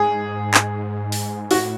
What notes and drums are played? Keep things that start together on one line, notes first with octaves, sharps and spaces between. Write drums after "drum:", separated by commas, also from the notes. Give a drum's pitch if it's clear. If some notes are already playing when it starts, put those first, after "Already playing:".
Already playing: G#2 G#4
drum: clap
drum: open hi-hat
A2 F#4, drum: open hi-hat